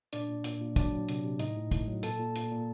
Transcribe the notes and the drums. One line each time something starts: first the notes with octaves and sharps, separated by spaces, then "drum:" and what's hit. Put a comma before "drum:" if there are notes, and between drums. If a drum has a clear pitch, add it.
A#2 D4 D5, drum: hi-hat
A#2
A#2, drum: hi-hat
A#2
F#3 D4 D5, drum: kick, hi-hat
F#3
C3, drum: hi-hat
C3
A2 D#4 D#5, drum: hi-hat
A2
A2, drum: kick, hi-hat
F#3
A#2 A4 A5, drum: hi-hat
A#2
A#2, drum: hi-hat
A#2